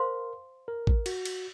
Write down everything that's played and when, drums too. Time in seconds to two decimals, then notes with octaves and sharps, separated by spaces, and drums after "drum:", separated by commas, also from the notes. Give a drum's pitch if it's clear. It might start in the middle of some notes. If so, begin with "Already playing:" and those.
Already playing: A#4 C5 F5 C6
0.68 A#4
0.87 drum: kick
1.06 F#4, drum: cymbal
1.25 drum: cymbal